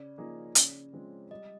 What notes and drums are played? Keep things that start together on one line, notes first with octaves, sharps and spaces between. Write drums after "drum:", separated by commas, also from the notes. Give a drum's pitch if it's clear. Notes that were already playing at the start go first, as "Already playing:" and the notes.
Already playing: C#3 D5
F3 A#3 D#4 G#4
C#3, drum: hi-hat
F3 G#3 C4
G3 D#5